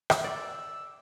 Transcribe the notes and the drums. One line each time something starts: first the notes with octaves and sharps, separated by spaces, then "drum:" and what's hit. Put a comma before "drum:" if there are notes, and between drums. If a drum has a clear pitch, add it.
drum: rim click
D5 E6